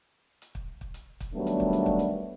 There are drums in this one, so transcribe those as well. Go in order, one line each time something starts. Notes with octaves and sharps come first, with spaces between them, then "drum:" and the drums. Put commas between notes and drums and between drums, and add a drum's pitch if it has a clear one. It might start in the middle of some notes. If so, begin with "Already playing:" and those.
drum: hi-hat
drum: kick
drum: kick
drum: hi-hat
drum: kick, hi-hat
D#3 F#3 G3 A3 B3 D4
drum: hi-hat
drum: kick
drum: hi-hat
drum: kick
drum: hi-hat